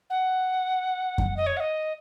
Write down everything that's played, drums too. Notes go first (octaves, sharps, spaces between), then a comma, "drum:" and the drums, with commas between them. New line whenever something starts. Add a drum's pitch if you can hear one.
F#5
drum: kick F#2
D#5
C#5
F#5
D#5